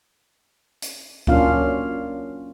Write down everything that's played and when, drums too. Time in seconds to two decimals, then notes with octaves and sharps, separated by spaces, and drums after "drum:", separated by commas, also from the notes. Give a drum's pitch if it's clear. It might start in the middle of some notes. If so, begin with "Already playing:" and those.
0.82 drum: hi-hat
1.27 F#3 A#3 C#4 D4 F4 F5, drum: kick C#2